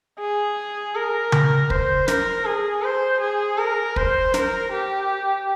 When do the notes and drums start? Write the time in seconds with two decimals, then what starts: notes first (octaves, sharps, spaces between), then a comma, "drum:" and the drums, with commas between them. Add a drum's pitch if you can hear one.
0.19 G#4
0.95 A#4
1.32 drum: tom C#3
1.70 C5, drum: kick
2.08 A#4, drum: snare
2.46 G#4
2.83 C5
3.20 G#4
3.58 A#4
3.96 C5, drum: kick
4.34 A#4, drum: snare
4.72 G4